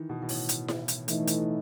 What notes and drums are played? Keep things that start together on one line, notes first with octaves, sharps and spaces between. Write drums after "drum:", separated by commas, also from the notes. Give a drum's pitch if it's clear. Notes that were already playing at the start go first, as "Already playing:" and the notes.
Already playing: D#3 E3
B2
B2
A2, drum: open hi-hat
drum: hi-hat
drum: snare E4
drum: hi-hat
E3 A3 D#4, drum: hi-hat
drum: hi-hat